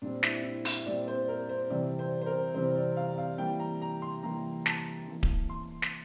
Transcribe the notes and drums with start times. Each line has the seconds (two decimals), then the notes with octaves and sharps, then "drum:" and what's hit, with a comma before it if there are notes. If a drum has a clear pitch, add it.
0.02 A#2 G3 C4 D4
0.23 E4, drum: snare
0.43 E4
0.65 E4, drum: open hi-hat
0.86 A#2 G3 C4 D5
1.08 C5
1.28 A#4
1.49 C5
1.70 C3 E3 G3 C4 D5
1.99 C5
2.22 C5
2.26 A#4
2.54 C3 E3 G3 C4 C5
2.75 D5
2.97 F5
3.18 F5
3.38 E3 G3 A#3 G5
3.59 A#5
3.82 A#5
4.02 C6
4.23 E3 G3 A#3 A#5
4.66 A5, drum: snare
5.07 E3 A#3
5.23 drum: kick D1
5.49 C6
5.82 drum: snare